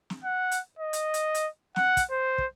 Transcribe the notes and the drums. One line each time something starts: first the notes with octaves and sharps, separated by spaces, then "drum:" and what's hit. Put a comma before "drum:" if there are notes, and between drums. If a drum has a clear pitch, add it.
drum: snare
F#5
drum: hi-hat
D#5
drum: hi-hat
drum: hi-hat
drum: hi-hat
F#5, drum: snare
drum: kick, hi-hat
C5
drum: kick